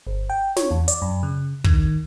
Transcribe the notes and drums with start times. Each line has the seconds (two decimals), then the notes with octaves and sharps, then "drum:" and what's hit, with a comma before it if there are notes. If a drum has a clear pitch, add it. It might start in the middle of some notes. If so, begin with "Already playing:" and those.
0.07 G1
0.30 G5
0.56 C#5, drum: snare
0.71 E2
0.88 D5, drum: hi-hat
1.02 F#2
1.23 C#3
1.64 D#3, drum: kick